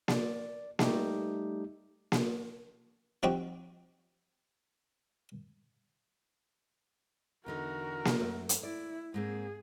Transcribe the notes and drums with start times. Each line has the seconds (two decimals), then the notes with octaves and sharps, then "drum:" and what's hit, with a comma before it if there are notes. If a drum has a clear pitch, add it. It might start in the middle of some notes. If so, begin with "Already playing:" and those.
0.08 D5, drum: snare A#3
0.79 G3 A3 D#4 G4, drum: snare A#3
2.12 drum: snare A#3
3.23 F3 C4 D#4 F#4 G4
7.46 E2 D3 D#4 F#4 A#4
8.05 drum: snare A#3
8.19 F#2 A3
8.49 drum: hi-hat
8.63 E4 D5
9.14 G#2 A#3 C4 G#4